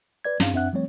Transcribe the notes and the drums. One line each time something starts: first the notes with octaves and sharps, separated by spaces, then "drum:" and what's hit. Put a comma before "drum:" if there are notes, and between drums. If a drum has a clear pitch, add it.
B4 D5 G#6
G2 C4 D4 F5, drum: snare
F#2 C4 D4 E5 F#5 F#6
F3 G3 A3 C4 C#5